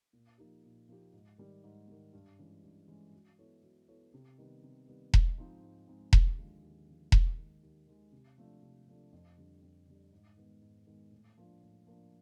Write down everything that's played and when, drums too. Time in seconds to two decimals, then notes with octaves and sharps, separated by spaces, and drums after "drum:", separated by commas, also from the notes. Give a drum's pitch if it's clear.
0.13 A#2
0.38 F3 A#3 D#4 G4
0.64 A#2
0.89 F3 A#3 D#4 G4
1.13 G#2
1.38 D#3 G3
1.64 G#2
1.88 D#3 G3
2.13 G2
2.38 E3 G#3 C#4
2.64 G2
2.88 E3 G#3 C#4
3.13 F#3
3.38 B3 E4 A4 C#5
3.63 F#3
3.88 B3 E4 A4 C#5
4.14 C3
4.38 D#3 G3 B3
4.63 C3
4.88 D#3 G3 B3
5.14 G#2, drum: kick E1
5.38 F3 G#3 C4 D#4
5.63 G#2
5.87 F3 G#3 C4 D#4
6.13 D#2, drum: kick E1
6.38 D3 F3 G#3
6.63 D#2
6.87 D3 F3 G#3
7.12 D#2, drum: kick E1
7.38 D#3 G#3
7.63 D#2
7.87 D#3 G#3
8.12 C3
8.38 F3 A3 D4
8.62 C3
8.87 F3 A3 D4
9.12 F2
9.38 D3 G3
9.62 F2
9.87 D3 G3
10.12 G#2
10.37 D#3 G#3 B3
10.61 G#2
10.87 D#3 G#3 B3
11.12 A2
11.38 F3 A#3 D4
11.61 A2
11.87 F3 A#3 D4